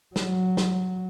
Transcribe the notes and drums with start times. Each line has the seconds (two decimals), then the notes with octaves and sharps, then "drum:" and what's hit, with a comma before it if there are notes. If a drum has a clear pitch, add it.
0.16 F#3, drum: snare
0.57 drum: snare